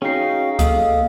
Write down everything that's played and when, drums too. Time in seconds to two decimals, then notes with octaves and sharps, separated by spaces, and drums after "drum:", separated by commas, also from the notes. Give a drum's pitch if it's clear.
0.02 C#4 D#4 F#4 G#4 F5 G5 C7
0.59 A#3 A4 D#5 F5 D#6, drum: kick C#2, hi-hat